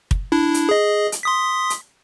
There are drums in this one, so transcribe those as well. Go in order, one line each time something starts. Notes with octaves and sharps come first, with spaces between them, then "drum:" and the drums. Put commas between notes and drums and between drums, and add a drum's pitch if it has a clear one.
drum: kick
D4 E4
drum: hi-hat
G#4 D#5
drum: hi-hat
C6 D#6 B6
drum: hi-hat